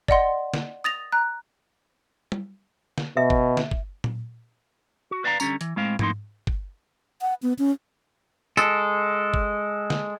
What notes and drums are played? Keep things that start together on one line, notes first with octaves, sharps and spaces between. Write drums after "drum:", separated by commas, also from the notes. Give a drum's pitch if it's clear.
D5 D#5 F#5 C6, drum: kick G1
drum: snare
D#6 A6 A#6 F7
A#5 F#6
drum: tom
drum: snare
B2 E5
drum: kick G1
drum: snare
drum: kick G1
drum: tom A#2
F#4
B4 D5 F5 G5 A#5
D3 G3 C#4 A#5, drum: tambourine
E3, drum: hi-hat
A2 G#3 C4 F5
F2 A2 A#3 D#4 C6, drum: tom G#2
drum: kick G1
F#5
B3
C#4
G#3 A4, drum: tambourine
drum: kick G1
drum: snare